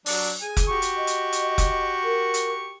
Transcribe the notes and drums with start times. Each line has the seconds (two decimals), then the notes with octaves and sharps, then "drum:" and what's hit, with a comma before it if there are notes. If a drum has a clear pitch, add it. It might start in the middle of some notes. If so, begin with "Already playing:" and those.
0.06 F#3 D4, drum: open hi-hat
0.42 G#4 G#5
0.57 drum: kick F1, hi-hat
0.68 F#4 G4 C#6
0.82 drum: hi-hat
0.97 D#5
1.07 drum: hi-hat
1.33 drum: hi-hat
1.58 drum: kick F1, hi-hat
2.03 A#4
2.34 drum: hi-hat